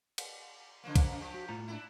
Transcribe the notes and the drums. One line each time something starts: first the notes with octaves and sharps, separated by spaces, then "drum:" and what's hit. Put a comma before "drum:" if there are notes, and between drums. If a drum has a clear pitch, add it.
drum: cymbal
C#3 F3 A#3
drum: kick, cymbal
F3 G4
F#4
A2 F4 A#5
D4 E4